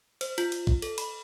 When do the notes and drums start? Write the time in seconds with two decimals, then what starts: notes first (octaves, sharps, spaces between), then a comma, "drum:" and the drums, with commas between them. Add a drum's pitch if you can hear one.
0.21 C5, drum: cymbal
0.38 F4, drum: cymbal
0.52 drum: cymbal
0.67 drum: kick
0.82 A4, drum: cymbal
0.98 B5, drum: cymbal